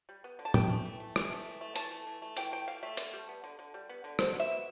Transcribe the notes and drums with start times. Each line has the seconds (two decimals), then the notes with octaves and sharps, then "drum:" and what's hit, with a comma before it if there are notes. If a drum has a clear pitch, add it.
0.09 G3
0.24 B3
0.39 D3
0.45 A5
0.54 E3 G5, drum: tom
0.69 A3
0.85 E3
1.00 A3
1.16 E3, drum: rim click
1.31 A3
1.46 E3
1.61 A3
1.76 E3 A5, drum: hi-hat
1.91 A3
2.07 E3
2.22 A3
2.37 E3 G5, drum: hi-hat
2.52 A3 G5
2.68 E3 F5
2.83 A3 E5
2.97 D3, drum: hi-hat
3.13 G3
3.29 B3
3.44 D3
3.59 D3
3.74 G3
3.89 B3
4.04 D3
4.19 B2 C5, drum: rim click
4.35 B3 E5
4.51 B2